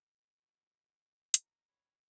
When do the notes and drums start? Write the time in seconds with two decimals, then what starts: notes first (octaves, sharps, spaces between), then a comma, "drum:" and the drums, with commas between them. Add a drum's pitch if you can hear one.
0.19 F4 F#4
1.34 F4 A4 A#5, drum: hi-hat
1.68 C4 C#5 B5